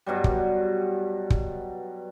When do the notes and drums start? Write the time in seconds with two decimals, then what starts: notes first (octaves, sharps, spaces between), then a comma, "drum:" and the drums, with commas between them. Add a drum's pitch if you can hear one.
0.06 G2 B2 F#3 G3
0.24 drum: kick
1.30 drum: kick